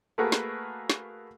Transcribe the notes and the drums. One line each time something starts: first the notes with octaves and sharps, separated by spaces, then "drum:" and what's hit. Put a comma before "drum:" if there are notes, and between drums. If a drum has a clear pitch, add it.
A3 A#3 F#4 G#4 A#4 B4
drum: snare
drum: snare